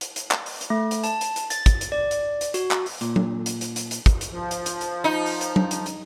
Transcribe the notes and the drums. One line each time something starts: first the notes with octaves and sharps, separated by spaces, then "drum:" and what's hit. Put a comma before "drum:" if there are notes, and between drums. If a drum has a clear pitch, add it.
drum: hi-hat
drum: hi-hat
drum: clap
drum: open hi-hat
drum: hi-hat
A3
drum: hi-hat
A5, drum: hi-hat
drum: hi-hat
drum: hi-hat
A6, drum: hi-hat
drum: kick, hi-hat
drum: hi-hat
D5
drum: hi-hat
drum: hi-hat
F#4, drum: hi-hat
drum: clap
drum: open hi-hat
A#2, drum: hi-hat
drum: tom F#3
drum: hi-hat
drum: hi-hat
drum: hi-hat
drum: hi-hat
drum: kick, hi-hat
drum: hi-hat
F3
drum: hi-hat
drum: hi-hat
drum: hi-hat
D#4
drum: open hi-hat
drum: hi-hat
drum: tom F#3
drum: hi-hat
drum: hi-hat